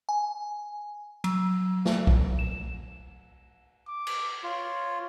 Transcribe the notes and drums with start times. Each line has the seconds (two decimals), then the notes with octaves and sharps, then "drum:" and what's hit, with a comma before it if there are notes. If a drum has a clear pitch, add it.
0.09 G#5
1.24 F#3, drum: cymbal
1.85 drum: snare
2.07 drum: kick A#1
2.39 E7
3.88 D6
4.07 drum: cymbal
4.44 F4 C#5